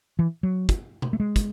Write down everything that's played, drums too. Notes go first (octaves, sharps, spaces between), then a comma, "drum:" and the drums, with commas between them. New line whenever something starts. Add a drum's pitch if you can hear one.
E3
F#3
drum: kick, hi-hat
drum: tom B2
A3
G#3
drum: kick, hi-hat